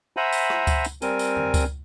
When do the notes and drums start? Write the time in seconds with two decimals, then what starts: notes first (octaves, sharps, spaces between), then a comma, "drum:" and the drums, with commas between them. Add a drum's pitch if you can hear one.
0.17 C5 E5 F#5 G#5 A#5 B5
0.33 drum: tambourine
0.50 drum: rim click
0.67 drum: kick C#2, tambourine
0.85 drum: tambourine
1.02 G3 C4 A#4 G#5, drum: tambourine
1.19 drum: tambourine
1.37 drum: tom F2
1.54 drum: kick C#2, tambourine